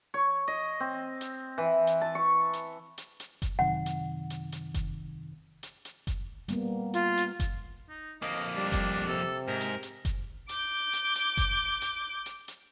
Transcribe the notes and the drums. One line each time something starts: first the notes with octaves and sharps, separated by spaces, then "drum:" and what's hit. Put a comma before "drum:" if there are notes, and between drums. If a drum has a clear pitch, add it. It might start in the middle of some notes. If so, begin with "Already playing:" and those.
C#5
D#5
C4
drum: hi-hat
E3
drum: hi-hat
A5
C#6
drum: hi-hat
drum: hi-hat
drum: hi-hat
drum: kick F#1, hi-hat
F#2 C3 D#3 F#5
drum: hi-hat
drum: hi-hat
drum: hi-hat
drum: kick F#1, hi-hat
drum: hi-hat
drum: hi-hat
drum: kick F#1, hi-hat
G3 A#3 B3, drum: hi-hat
F4, drum: hi-hat
drum: hi-hat
drum: kick F#1, hi-hat
D#4
F2 A#3 D#5
G3 D4
drum: kick F#1, hi-hat
C3 A4
G#2 A#4
drum: hi-hat
drum: hi-hat
drum: kick F#1, hi-hat
D6 G6, drum: hi-hat
drum: hi-hat
drum: hi-hat
drum: kick F#1, hi-hat
drum: hi-hat
drum: hi-hat
drum: hi-hat